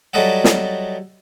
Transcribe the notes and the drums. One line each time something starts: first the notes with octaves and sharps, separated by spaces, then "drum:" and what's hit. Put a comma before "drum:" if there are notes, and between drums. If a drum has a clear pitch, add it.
F#3 G3 A4 D#5 E5 F#5
drum: snare